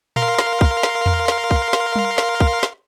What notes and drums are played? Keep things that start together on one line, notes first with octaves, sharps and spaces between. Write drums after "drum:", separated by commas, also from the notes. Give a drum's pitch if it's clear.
A#4 F5 C6, drum: tom A#2
drum: snare
drum: kick
drum: snare
drum: tom E2
drum: snare
drum: kick
drum: snare
drum: tom G3
drum: snare
drum: kick
drum: snare